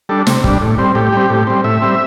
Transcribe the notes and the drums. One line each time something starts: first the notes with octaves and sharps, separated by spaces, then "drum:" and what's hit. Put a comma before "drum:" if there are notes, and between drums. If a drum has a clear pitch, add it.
G3 D4 A4
C3, drum: snare
G3 D4, drum: kick
A2
G3 C4
A2 G4
G3 C4
A2
G3 C4
A2 E5
G3 C4